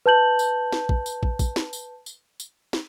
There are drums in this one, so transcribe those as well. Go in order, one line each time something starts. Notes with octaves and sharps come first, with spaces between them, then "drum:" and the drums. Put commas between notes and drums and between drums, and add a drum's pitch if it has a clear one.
B4 A5 G6 F#7
drum: tambourine
drum: snare
drum: kick
drum: tambourine
drum: kick
drum: kick, tambourine
drum: snare
drum: tambourine
drum: tambourine
drum: tambourine
drum: snare